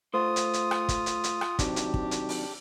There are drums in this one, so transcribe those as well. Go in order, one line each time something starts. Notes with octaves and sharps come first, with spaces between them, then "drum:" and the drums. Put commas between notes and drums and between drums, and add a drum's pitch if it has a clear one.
A3 F4 C5 D#6
drum: hi-hat
drum: hi-hat
drum: rim click
drum: kick, hi-hat
drum: hi-hat
drum: hi-hat
drum: rim click
C3 D#3 F#3 D4 G4, drum: kick, hi-hat
drum: hi-hat
drum: kick
drum: hi-hat
drum: open hi-hat